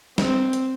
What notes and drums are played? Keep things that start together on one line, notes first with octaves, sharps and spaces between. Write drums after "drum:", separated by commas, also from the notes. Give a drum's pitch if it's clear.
C4, drum: snare
drum: hi-hat